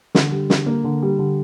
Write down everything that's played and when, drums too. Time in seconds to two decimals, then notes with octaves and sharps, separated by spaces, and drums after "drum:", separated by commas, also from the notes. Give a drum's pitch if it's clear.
0.15 D3, drum: snare
0.32 G3
0.50 D3, drum: snare
0.66 A#3
0.84 D3
1.02 G3
1.19 D3